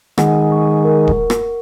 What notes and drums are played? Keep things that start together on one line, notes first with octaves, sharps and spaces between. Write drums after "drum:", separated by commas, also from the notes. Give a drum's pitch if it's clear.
D#3 G#3 F#5, drum: rim click
C#6
A#4
drum: kick D#1
A#4
drum: rim click